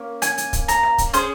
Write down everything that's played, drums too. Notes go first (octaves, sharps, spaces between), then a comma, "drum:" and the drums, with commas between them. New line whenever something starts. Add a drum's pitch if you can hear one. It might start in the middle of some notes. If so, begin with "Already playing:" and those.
Already playing: A#3 C#4
G#5, drum: hi-hat
drum: hi-hat
drum: kick, hi-hat
A#5, drum: hi-hat
drum: rim click
drum: kick, hi-hat
C#4 G#4 C5, drum: hi-hat